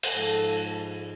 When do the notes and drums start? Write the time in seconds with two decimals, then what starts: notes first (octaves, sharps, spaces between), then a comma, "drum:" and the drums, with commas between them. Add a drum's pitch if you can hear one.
0.03 drum: cymbal
0.15 G#2 F3 G#3 A4